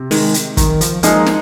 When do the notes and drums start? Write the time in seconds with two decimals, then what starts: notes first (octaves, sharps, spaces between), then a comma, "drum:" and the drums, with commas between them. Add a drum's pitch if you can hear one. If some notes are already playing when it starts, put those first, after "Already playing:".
Already playing: C3
0.11 D#3 G#3, drum: open hi-hat
0.34 drum: hi-hat
0.57 D#3, drum: kick, hi-hat
0.81 F3, drum: hi-hat
1.03 F3 G#3 A#3 D#4 G#4, drum: hi-hat
1.26 drum: snare